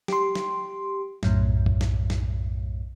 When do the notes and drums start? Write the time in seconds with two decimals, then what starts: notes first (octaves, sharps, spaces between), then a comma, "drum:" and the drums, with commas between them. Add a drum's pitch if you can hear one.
0.08 G4 C6, drum: snare
0.35 drum: snare
1.23 B1 F#2 A2, drum: snare
1.66 drum: kick
1.81 drum: snare
2.10 drum: snare